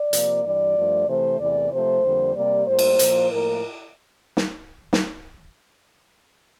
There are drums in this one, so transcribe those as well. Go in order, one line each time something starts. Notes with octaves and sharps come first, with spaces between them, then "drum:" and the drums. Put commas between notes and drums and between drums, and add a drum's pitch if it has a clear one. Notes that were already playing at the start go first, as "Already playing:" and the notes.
Already playing: D5
C3 F3 A#3, drum: hi-hat
G2 E3 G3 D5
G2 F3 A3
C3 E3 A3 C5
E2 C3 E3 A3 D5
C3 F3 A3 C5
F2 D3 G3 A#3
C3 G3 A#3 D5
A2 G3 A#3 C5
drum: cymbal
A#2 F3 A#3, drum: hi-hat
A2 F3 A#3 A#4
drum: snare
drum: snare